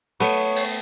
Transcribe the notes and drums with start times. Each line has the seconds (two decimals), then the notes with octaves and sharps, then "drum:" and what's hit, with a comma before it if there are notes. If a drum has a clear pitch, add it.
0.20 A3 B3 C#5, drum: cymbal
0.56 drum: cymbal